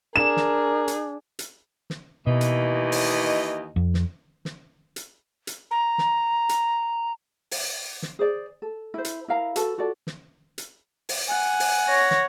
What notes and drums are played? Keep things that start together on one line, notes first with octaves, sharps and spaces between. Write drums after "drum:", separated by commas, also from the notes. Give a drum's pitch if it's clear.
D4 G#4 A#4 E7
drum: snare
drum: hi-hat
drum: hi-hat
drum: snare
D#2 B2 E3 D#5
drum: hi-hat
drum: open hi-hat
F2
drum: snare
drum: snare
drum: hi-hat
drum: hi-hat
A#5
drum: snare
drum: hi-hat
drum: open hi-hat
drum: snare
G#4 C5 D5
A4
E4 C5
drum: hi-hat
E4 A#4 F5 A#5
F#4 A4 B4 A5, drum: hi-hat
F4 F#4 A4 D5
drum: snare
drum: hi-hat
drum: open hi-hat
F#5 G#5
drum: open hi-hat
C#5 A#6
drum: snare